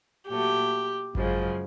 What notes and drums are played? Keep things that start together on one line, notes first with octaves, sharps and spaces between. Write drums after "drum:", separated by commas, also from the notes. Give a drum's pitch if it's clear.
A#2 F#3 A3 G4
F#2 C#3 F3 G#3, drum: kick G#1